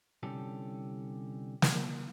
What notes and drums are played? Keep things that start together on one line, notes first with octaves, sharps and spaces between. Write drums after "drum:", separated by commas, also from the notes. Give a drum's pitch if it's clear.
C2 D3 C#4 G4 A4
drum: snare